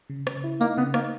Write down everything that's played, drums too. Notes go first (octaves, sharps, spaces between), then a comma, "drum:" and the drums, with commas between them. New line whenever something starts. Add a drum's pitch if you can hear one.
C#3
C#3, drum: rim click
E4
A#3 D#4, drum: tambourine
C#3 B3
A#3 D#4, drum: rim click